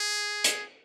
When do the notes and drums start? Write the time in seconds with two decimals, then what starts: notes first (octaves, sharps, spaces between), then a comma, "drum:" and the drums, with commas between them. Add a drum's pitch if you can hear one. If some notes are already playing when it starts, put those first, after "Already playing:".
Already playing: G#4
0.44 drum: hi-hat